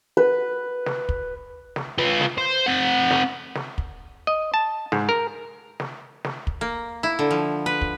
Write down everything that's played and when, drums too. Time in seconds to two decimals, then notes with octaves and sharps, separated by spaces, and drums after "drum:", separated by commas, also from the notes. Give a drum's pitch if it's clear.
0.17 B4
0.86 drum: snare
1.09 drum: kick
1.76 drum: snare
1.98 F4 B4
2.21 drum: snare
2.38 C5
2.66 C4 F#5
3.11 drum: snare
3.55 drum: snare
3.78 drum: kick
4.27 D#5
4.54 A5
4.92 G#2, drum: snare
5.09 A#4
5.80 drum: snare
6.24 drum: snare
6.47 drum: kick
6.61 A#3
7.03 E4
7.19 D3
7.31 F3
7.66 B4
7.81 drum: kick